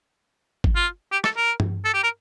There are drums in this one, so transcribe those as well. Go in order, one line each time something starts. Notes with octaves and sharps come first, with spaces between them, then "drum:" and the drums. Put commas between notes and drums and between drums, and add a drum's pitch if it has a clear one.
drum: kick G1
F4
G4
A4, drum: rim click
A#4
drum: tom G2
A4
G4
A#4